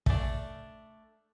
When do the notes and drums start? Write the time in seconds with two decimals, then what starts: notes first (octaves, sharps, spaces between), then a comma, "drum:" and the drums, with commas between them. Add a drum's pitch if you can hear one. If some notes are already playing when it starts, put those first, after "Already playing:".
0.06 A3 D4, drum: kick